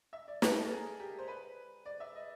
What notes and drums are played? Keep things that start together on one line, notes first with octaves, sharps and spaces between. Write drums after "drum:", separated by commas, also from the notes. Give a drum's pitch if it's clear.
E5
D5
A#4, drum: snare
A4
G#4
G4
C5
B4
D5
E5
D#5